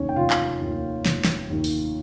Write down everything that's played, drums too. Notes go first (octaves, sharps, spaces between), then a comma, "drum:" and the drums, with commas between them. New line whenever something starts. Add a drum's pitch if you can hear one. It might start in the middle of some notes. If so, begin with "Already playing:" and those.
Already playing: F1 D#2 D#3 C#4 C#5
G5
F1 F4 F5
drum: clap
D#2 D#3
F1, drum: snare
drum: snare
D#2 D#3
drum: open hi-hat